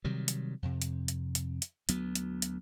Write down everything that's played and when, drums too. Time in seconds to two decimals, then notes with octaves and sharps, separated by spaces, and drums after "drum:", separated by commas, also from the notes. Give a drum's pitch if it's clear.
0.04 C3 D#3 F#3 G3
0.28 drum: hi-hat
0.63 F2 C3
0.82 drum: hi-hat
1.08 drum: hi-hat
1.35 drum: hi-hat
1.62 drum: hi-hat
1.89 D2 F#3 B3, drum: hi-hat
2.15 drum: hi-hat
2.42 drum: hi-hat